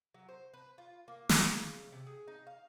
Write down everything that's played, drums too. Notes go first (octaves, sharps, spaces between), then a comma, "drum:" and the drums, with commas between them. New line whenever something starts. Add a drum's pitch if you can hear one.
F#3
C5
B4
F4
A#3
C#3, drum: snare
C3
G#4
D#4
F5